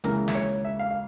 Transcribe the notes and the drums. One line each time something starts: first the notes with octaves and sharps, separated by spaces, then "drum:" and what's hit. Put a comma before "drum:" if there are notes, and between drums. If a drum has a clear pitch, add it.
C#2 C#3 E3 A#3 A#4, drum: hi-hat
E5, drum: snare
C#5
E5
F5
F5